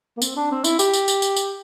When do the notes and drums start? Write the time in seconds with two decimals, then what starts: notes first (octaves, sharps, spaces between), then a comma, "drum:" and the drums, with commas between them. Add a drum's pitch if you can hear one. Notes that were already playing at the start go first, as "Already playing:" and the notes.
0.17 A#3
0.22 C4, drum: tambourine
0.36 D4
0.51 C4
0.64 E4, drum: tambourine
0.79 G4, drum: tambourine
0.93 drum: tambourine
1.08 drum: tambourine
1.22 drum: tambourine
1.36 drum: tambourine